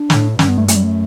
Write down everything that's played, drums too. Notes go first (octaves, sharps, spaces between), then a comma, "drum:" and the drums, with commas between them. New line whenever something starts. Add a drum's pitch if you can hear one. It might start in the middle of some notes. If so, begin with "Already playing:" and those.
Already playing: D4
A2, drum: snare
G2 C#4, drum: snare
B3
A3
F#2 A3, drum: hi-hat
G3
A3